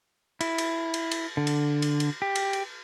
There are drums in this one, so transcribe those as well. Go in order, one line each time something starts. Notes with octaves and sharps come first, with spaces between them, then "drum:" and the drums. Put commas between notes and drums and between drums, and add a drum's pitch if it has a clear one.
E4, drum: cymbal
drum: cymbal
drum: cymbal
drum: cymbal
D3
drum: cymbal
drum: cymbal
drum: cymbal
G4
drum: cymbal
drum: cymbal